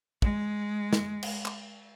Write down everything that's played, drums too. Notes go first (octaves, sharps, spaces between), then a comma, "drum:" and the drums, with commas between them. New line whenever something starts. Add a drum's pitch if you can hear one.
G#3, drum: kick
drum: snare
drum: cymbal
drum: clap